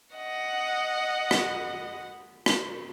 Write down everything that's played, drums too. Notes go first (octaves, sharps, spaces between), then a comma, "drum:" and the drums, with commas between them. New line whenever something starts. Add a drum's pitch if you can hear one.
D#5 F#5
drum: rim click
drum: rim click